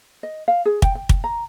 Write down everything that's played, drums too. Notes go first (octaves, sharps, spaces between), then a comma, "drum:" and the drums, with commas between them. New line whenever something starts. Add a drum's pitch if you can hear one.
D#5
F5
G#4
G5, drum: kick
G5
drum: kick
A#5